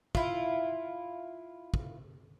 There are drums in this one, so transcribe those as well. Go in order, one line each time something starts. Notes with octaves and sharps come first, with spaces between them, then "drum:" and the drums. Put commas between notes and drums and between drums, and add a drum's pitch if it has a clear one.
E4 F4, drum: kick
drum: kick